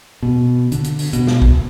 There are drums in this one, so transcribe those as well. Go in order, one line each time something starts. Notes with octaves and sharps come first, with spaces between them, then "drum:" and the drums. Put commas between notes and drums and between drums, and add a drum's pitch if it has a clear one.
B2
D3, drum: hi-hat
drum: hi-hat
drum: open hi-hat
B2, drum: hi-hat
drum: snare
drum: kick B1